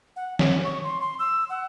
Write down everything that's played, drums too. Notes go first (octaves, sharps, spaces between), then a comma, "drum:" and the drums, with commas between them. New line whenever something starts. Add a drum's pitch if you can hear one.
F#5
C#5, drum: snare
C#6
C6
C6
E6
F#5